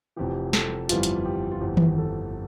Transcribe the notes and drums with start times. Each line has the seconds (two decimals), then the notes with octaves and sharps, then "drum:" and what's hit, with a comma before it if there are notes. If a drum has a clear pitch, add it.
0.16 F1 F2 E3 G4
0.53 A4, drum: snare
0.89 G1 F2 E3 G3 F4, drum: hi-hat
1.03 drum: hi-hat
1.26 G4
1.51 F4
1.61 G1 F2 E3 G4
1.77 drum: tom D#3
1.98 A4